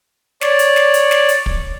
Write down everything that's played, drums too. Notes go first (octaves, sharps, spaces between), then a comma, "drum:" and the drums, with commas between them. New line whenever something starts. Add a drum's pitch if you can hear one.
C#5 D5, drum: snare
drum: hi-hat
drum: snare
drum: hi-hat
drum: snare
drum: hi-hat
drum: kick